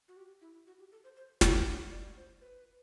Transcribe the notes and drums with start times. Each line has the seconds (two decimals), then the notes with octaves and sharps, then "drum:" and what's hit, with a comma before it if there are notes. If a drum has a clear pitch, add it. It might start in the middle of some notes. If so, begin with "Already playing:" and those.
0.08 F#4
0.17 G4
0.41 E4
0.67 F#4
0.79 G4
0.92 A4
1.04 C5
1.16 C5
1.41 G5, drum: snare
1.67 F#5
1.91 D5
2.17 C5
2.41 B4